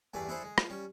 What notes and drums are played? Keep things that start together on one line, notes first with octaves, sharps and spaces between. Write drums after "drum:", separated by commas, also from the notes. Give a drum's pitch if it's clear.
E2 G2 A3 D5 G#5
D4 E4 G#4 A4 C5
G#3
F3, drum: rim click
G3 C#4